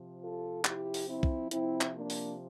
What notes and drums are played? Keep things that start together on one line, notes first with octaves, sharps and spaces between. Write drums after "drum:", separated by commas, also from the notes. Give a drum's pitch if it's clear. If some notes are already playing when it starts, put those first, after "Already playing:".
Already playing: C3 F3
F4 A4
E4 G4, drum: clap
drum: open hi-hat
C4 E4
drum: kick
C3 F3 C4 E4, drum: hi-hat
drum: clap
A#3 D4
drum: open hi-hat